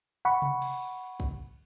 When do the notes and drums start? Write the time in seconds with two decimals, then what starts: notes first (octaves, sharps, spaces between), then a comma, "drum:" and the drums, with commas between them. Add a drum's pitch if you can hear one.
0.25 F#5 B5 C#6
0.42 drum: tom C3
0.62 drum: cymbal
1.20 drum: kick